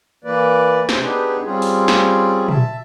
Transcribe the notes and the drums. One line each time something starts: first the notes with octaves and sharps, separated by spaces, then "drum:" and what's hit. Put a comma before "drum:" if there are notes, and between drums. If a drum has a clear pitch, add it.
E3 A#3 B4 D5
C3 C#4 C5, drum: snare
B3 D4 D#4 G4 G#4 B4
G3 C4 C#4 F4 G#4
drum: open hi-hat
drum: snare
E5 A5, drum: tom A#2